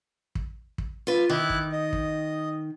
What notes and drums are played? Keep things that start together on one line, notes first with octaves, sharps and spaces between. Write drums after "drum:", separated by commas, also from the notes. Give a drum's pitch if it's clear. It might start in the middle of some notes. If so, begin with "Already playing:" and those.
drum: kick
drum: kick
F4 B4
D#3 E4 D6 F#6
drum: kick
D#5
drum: kick